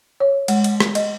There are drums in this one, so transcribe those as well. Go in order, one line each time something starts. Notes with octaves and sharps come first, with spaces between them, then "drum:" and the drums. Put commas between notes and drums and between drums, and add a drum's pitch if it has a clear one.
C#5
G#3, drum: cymbal
drum: cymbal
drum: rim click
D#5, drum: cymbal